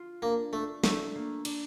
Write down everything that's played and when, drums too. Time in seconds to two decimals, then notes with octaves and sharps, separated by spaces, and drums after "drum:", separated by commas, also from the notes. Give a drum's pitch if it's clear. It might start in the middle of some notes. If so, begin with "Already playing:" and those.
Already playing: F4
0.22 A#3 D4
0.53 A3 D4
0.84 A3 D4, drum: snare
1.15 A#3
1.45 D4, drum: cymbal